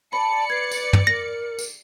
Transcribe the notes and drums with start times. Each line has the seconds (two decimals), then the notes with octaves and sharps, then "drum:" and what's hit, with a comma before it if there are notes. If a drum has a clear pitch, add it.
0.13 D5 A5 B5 C#7
0.50 B4 G#6 C7
0.72 drum: tambourine
0.93 drum: tom
1.07 A#4 A#6
1.59 drum: tambourine